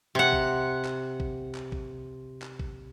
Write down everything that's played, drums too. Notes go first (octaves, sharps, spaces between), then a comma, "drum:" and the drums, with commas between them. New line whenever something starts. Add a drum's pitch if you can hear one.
C3 F#5
drum: kick A#1
drum: clap
drum: kick A#1
drum: clap
drum: kick A#1
drum: clap
drum: kick A#1